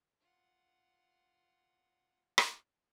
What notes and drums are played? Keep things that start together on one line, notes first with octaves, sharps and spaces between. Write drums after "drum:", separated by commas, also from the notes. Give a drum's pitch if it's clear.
F4 F#5
drum: rim click